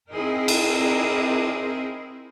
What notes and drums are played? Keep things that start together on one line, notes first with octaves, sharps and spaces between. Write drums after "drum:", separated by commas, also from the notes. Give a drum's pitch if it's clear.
C4 D#4 E4 G#4 A#4
drum: cymbal